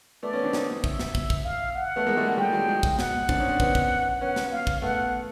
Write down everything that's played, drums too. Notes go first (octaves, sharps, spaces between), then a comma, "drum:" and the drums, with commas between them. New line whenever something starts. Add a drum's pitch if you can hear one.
A3 B3 D5
B3 C#4
C4 D4
C#4 D#4, drum: snare
E5, drum: kick
drum: snare
drum: kick
drum: kick
F5
F#5
A3 B3
G#3 A#3
G3 A3
G#3 A#3
G3 A3 G5
F#3 G#3
F#3 G#3
drum: kick
F#5, drum: snare
C4 D4, drum: kick
C#4 D#4
C4 D4
B3 C#4, drum: kick
drum: kick
B3 C#4 F#5
drum: snare
F5
drum: kick
A3 B3 F#5